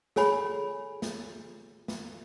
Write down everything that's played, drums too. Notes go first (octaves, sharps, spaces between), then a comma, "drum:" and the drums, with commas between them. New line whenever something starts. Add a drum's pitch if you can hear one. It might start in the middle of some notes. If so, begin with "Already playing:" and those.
G#4 A4 C#5 G#5 B5, drum: snare
drum: snare
drum: snare